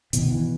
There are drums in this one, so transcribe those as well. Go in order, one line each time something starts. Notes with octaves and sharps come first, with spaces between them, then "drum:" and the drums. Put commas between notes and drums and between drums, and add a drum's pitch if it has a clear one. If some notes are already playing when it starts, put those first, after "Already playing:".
B2 E3, drum: hi-hat
D#3
E3